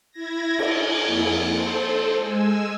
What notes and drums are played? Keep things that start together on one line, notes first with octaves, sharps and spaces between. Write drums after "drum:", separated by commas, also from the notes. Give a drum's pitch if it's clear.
E4 G#6 A#6
drum: cymbal
G#5
F2 A#3 E4 G#4
A4 C5
G#3 G#5 E6